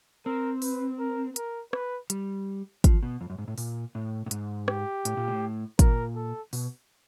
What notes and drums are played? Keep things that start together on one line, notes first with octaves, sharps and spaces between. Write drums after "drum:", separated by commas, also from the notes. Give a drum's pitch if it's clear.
C4 A#4
B4, drum: open hi-hat
A#4
A#4, drum: hi-hat
B4, drum: rim click
G3, drum: hi-hat
F3, drum: kick, hi-hat
B2
F2
F#2
G#2
A2
A#2, drum: open hi-hat
A2
A2
G#2, drum: hi-hat
G4, drum: rim click
A2, drum: hi-hat
A#2
A2
A#2 A#4, drum: kick, hi-hat
A4
B2, drum: open hi-hat